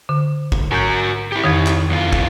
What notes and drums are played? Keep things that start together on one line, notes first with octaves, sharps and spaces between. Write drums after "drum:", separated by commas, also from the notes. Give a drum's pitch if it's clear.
D3
drum: kick
G#2 F#4 A#4 G6
E4 G4
F2 D#3
drum: clap
E2 E3 F4
drum: kick